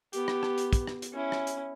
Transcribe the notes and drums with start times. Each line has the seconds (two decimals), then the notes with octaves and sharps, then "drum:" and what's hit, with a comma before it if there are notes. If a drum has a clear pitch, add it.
0.13 B3 G4, drum: hi-hat
0.28 drum: rim click
0.43 drum: rim click
0.58 drum: hi-hat
0.73 drum: kick, hi-hat
0.87 drum: rim click
1.02 drum: hi-hat
1.13 C#4 E4
1.32 drum: rim click
1.47 drum: hi-hat